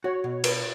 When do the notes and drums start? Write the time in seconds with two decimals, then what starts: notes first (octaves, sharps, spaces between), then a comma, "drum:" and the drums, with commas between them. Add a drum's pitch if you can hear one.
0.04 F#4 C#5
0.24 B2
0.44 B4, drum: cymbal